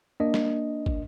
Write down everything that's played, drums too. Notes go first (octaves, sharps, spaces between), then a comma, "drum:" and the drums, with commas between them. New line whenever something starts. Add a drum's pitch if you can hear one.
A#3 D4 D#5
drum: snare
drum: kick